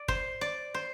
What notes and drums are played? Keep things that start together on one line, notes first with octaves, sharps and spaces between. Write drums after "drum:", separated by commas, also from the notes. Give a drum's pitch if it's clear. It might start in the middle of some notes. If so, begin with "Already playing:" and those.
Already playing: D5
C5, drum: kick
D5
C5